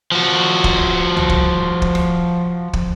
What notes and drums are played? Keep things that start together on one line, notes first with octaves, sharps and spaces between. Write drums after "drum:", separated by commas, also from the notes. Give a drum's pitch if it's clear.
F3 F#4
drum: kick
drum: tom
drum: kick
drum: kick
drum: rim click
drum: kick